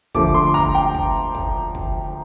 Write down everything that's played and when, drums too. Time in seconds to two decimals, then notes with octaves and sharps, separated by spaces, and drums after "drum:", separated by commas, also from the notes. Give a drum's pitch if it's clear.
0.15 D2 D3 F3 A3 D6, drum: kick
0.34 C6
0.54 A#5, drum: kick
0.75 G5
0.95 drum: kick
1.35 drum: kick
1.75 drum: kick